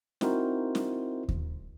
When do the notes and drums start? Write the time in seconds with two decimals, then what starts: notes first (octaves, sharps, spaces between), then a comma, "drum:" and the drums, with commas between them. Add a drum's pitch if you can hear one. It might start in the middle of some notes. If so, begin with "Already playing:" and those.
0.21 C4 D#4 E4 F#4 A#4 C5, drum: snare
0.75 drum: snare
1.29 drum: kick D#2